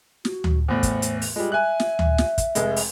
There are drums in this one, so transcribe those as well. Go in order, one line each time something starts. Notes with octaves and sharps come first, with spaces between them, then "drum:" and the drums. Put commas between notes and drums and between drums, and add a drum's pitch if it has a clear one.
F#4, drum: snare
drum: tom D2
E2 A2 C5
drum: kick, hi-hat
drum: hi-hat
drum: open hi-hat
G3 G#3 F4
E5 G#5 F#6
drum: snare
drum: tom D2
drum: snare
drum: kick, hi-hat
F1 G#3, drum: hi-hat
drum: open hi-hat